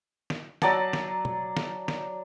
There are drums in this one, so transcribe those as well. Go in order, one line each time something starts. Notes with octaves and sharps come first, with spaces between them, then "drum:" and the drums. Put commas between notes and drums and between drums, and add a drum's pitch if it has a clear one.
drum: snare
F#3 D5 A5, drum: snare
drum: snare
drum: tom
drum: snare
drum: snare